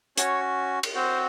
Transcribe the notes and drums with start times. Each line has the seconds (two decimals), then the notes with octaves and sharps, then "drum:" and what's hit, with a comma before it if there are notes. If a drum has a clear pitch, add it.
0.18 C#4 F#4 C#5, drum: hi-hat
0.83 drum: cymbal
0.94 C4 F#4 C5